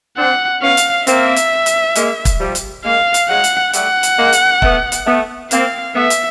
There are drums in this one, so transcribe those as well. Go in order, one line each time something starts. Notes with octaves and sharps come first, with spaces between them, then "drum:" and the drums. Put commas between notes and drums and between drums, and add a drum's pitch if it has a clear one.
C4 D4 F#5
B3 C#4 F5
drum: hi-hat
A#3 C4 E5, drum: hi-hat
drum: hi-hat
drum: hi-hat
G#3 A#3, drum: hi-hat
drum: kick, hi-hat
F3 G3
drum: hi-hat
G#3 A#3 F5
drum: hi-hat
F#3 G#3 F#5
drum: hi-hat
G3 A3 F#5, drum: hi-hat
drum: hi-hat
G#3 A#3
drum: hi-hat
A3 B3, drum: kick
drum: hi-hat
A3 B3
A#3 C4 F5, drum: hi-hat
A3 B3 E5
drum: hi-hat